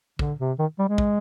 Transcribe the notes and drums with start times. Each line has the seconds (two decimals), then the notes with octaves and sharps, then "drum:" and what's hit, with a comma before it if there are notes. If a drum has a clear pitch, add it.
0.19 D3, drum: kick
0.39 C3
0.59 D#3
0.79 G3
0.89 G#3
0.98 drum: kick